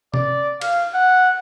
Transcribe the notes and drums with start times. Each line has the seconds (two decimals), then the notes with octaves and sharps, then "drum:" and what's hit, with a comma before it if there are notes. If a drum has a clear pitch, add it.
0.14 D5, drum: tom C3
0.61 F5, drum: cymbal
0.94 F#5